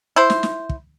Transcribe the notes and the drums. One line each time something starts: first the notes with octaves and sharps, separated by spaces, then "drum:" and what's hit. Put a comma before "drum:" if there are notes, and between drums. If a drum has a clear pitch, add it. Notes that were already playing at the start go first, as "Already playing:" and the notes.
E4 C5
drum: snare
drum: snare
drum: kick